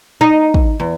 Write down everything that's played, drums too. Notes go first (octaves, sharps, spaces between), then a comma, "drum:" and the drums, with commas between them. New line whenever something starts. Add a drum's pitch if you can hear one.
D#4
drum: kick
E2